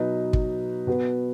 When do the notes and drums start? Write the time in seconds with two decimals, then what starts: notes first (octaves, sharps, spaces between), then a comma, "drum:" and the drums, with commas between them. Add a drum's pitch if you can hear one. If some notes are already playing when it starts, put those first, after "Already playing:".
Already playing: B2 F#3 D#4 B4 D#5
0.33 drum: kick
0.87 B2 B3 F#4 B4